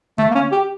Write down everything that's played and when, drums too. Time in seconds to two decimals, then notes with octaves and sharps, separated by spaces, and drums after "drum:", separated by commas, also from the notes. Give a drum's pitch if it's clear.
0.18 A3, drum: tom D3
0.31 A#3
0.35 C#4
0.52 G4